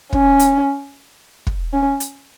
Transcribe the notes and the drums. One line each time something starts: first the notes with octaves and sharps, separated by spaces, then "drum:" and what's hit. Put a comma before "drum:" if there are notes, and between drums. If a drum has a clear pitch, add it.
C#4, drum: kick
drum: hi-hat
drum: kick
C#4
drum: hi-hat